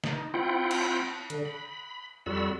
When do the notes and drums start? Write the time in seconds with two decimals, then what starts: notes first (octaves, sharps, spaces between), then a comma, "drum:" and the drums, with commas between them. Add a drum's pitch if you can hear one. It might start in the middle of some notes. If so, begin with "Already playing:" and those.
0.04 D#4, drum: snare
0.34 C4 E4 F4 F#5 G5
0.71 drum: cymbal
1.30 D3, drum: hi-hat
1.45 B5
2.26 F2 G3 F#4 A4 B5 E6